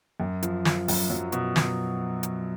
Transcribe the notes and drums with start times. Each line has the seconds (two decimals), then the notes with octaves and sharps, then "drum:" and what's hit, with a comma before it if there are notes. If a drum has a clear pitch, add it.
0.20 F#2
0.43 F3, drum: hi-hat
0.65 F3, drum: snare
0.88 F#2, drum: open hi-hat
1.10 F#3
1.32 B2, drum: hi-hat
1.56 B2, drum: snare
2.23 drum: hi-hat